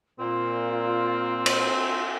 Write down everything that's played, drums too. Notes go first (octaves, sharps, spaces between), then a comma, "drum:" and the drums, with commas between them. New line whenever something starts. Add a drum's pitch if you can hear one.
A#2 C4 F4
drum: cymbal